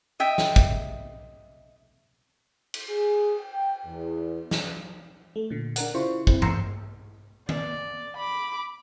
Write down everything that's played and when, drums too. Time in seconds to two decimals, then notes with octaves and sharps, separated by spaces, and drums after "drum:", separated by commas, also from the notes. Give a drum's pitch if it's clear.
0.20 D#5 E5 G5
0.38 drum: snare
0.56 drum: kick
2.74 drum: cymbal
2.89 G#4
3.39 G5
3.86 E2
4.51 drum: snare
5.36 A3
5.50 A#2 D3
5.76 D4 A#4 F#5, drum: hi-hat
5.94 C#3 E4 F4 C5 C#6
6.27 C4 E4, drum: kick
6.42 A#5 C6 E6 G6 C7 C#7, drum: tom G2
7.49 D5, drum: tom D#3
8.16 B5 D6